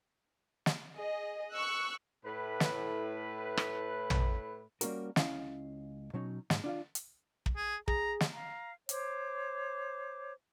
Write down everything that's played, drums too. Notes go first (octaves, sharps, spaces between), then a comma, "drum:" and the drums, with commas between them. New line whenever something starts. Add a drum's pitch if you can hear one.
drum: snare
G#4 D#5
C#6 E6 F#6
A2 B4
drum: snare
drum: rim click
drum: tom
G3 A#3 B3 C#4 F#4 A#4, drum: hi-hat
C#2 C#4 E4 D#5 F5, drum: snare
B2 F#3 C#4 D#4
G#2, drum: snare
D4 F4 F5
drum: hi-hat
drum: kick
G#4
G#4 A#5, drum: kick
drum: snare
F5 A#5
C5 C#5 D6, drum: hi-hat